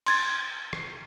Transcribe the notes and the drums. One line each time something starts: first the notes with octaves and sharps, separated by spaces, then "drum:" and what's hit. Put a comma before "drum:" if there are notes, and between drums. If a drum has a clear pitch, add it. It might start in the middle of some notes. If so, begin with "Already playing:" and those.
C6 G#6 A6, drum: cymbal
drum: rim click